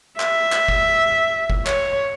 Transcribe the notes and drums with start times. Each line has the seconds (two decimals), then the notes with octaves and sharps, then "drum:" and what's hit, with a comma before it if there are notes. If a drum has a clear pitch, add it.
0.20 E5, drum: clap
0.52 drum: clap
0.68 drum: kick F#1
1.50 drum: kick F#1
1.67 C#5, drum: clap